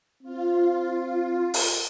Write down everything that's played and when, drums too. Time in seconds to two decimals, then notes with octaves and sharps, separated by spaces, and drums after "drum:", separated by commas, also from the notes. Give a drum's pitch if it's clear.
0.23 C4 F4
1.54 drum: open hi-hat